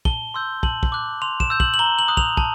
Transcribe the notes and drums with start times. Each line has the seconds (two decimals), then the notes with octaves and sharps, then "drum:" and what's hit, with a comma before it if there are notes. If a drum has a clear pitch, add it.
0.05 A5 G7, drum: kick
0.34 C6 E6 G6
0.63 A5 F#7, drum: kick
0.83 drum: kick
0.92 D6 F#6
1.22 C6 F7
1.40 E7, drum: kick
1.50 E6 G6
1.60 F#7, drum: kick
1.74 F#7
1.79 A#5 G7
1.99 F#7
2.08 D#6 F#6
2.17 F7, drum: kick
2.37 A5, drum: kick